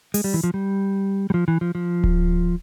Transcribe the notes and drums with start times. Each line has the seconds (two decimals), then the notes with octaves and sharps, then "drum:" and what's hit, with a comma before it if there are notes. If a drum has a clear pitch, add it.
0.14 G#3, drum: open hi-hat
0.24 G3
0.34 E3
0.44 F3
0.54 G3
1.30 G3
1.34 F3
1.48 E3
1.61 F3
1.75 F3
2.04 drum: kick D1